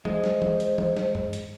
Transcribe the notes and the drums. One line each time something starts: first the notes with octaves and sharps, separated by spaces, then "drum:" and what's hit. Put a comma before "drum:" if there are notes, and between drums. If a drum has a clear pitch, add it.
G#3 C5, drum: tom
drum: snare
drum: tom
drum: hi-hat
drum: tom
drum: snare
drum: tom G2
drum: hi-hat